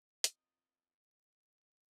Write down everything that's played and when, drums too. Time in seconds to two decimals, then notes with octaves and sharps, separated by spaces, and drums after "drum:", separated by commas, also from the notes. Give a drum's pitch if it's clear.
0.24 C4 F4 A#4 D#5, drum: hi-hat